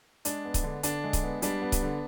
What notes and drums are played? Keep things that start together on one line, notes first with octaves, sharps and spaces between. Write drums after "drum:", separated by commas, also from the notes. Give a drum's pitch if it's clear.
G#3 D4, drum: hi-hat
B3
drum: kick C#1, hi-hat
D3
D3 D4, drum: hi-hat
G#3
drum: kick C#1, hi-hat
B3
G3 D4, drum: hi-hat
B3
drum: kick C#1, hi-hat
D3